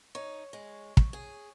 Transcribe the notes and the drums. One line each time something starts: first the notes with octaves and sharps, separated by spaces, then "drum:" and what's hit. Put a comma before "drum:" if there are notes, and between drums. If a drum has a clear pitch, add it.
D#4 C#5
G#3
drum: kick
G#4